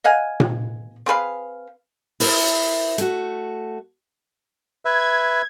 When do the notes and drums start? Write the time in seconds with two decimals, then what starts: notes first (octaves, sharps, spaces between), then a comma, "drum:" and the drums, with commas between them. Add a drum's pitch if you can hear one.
0.04 D#5 F5 F#5 G#5
0.40 drum: tom A#2
1.06 C4 G#4 B4 F5
2.20 E4 A#4 C5 E5, drum: open hi-hat
2.98 A3 F#4, drum: hi-hat
4.85 B4 E5 G#6